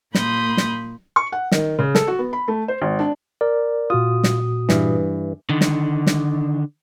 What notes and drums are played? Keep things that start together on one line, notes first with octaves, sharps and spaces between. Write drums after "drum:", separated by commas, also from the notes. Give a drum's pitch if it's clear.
A#2 A#3 B5 C6 D#6 G6, drum: snare
drum: snare
C#6
F#5
D#3, drum: snare
C#3
A4, drum: snare
F#4
B3
B5
A3
C5
G#1
D4
A#4 D5
A#2 F4 F#4 D#6
drum: snare
G2 E3, drum: snare
D3 D#3
drum: snare
drum: snare